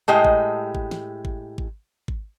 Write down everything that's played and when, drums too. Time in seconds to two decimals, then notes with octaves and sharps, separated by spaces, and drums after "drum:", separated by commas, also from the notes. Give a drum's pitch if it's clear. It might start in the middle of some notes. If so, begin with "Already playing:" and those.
0.08 A2 G#3 G4 D#5
0.25 drum: kick G#1
0.75 drum: kick G#1
0.91 drum: snare
1.25 drum: kick G#1
1.58 drum: kick G#1
2.08 drum: kick G#1